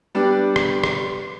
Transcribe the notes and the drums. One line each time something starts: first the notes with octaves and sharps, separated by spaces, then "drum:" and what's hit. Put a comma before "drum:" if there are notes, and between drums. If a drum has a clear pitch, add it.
G3 B3 D4
drum: rim click
drum: rim click